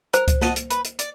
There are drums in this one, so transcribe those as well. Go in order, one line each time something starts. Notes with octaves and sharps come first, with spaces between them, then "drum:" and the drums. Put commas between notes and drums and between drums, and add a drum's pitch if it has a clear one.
A#4 C5, drum: hi-hat
drum: kick C#2, hi-hat
D#5 F#5 A5, drum: snare
drum: hi-hat
B4, drum: hi-hat
drum: hi-hat
D5, drum: hi-hat